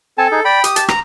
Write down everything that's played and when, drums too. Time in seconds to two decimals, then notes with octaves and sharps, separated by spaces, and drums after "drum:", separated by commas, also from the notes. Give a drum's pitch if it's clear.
0.18 C4 A4 G#5 A5
0.31 D#4 G#4
0.45 D5 G5 B5
0.64 G4 D#6, drum: hi-hat
0.76 A5, drum: hi-hat
0.88 A#5, drum: rim click